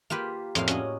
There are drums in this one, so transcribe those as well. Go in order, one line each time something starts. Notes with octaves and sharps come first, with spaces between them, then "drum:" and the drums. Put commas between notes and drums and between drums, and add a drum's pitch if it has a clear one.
A#3 F4 G4 B4
F2 A2 A#3 F5, drum: hi-hat
C#4 F#4 D#5, drum: hi-hat